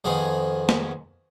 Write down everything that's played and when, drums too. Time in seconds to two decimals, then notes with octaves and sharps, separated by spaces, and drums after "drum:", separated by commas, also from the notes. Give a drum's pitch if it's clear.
0.04 F2 D#3 B3 G#4
0.69 drum: snare